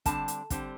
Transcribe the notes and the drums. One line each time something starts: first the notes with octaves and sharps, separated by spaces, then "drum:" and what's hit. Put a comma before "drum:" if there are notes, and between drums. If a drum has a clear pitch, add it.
D3 G3 C4 A5, drum: kick, hi-hat
drum: hi-hat
D3 G3 C4, drum: kick, hi-hat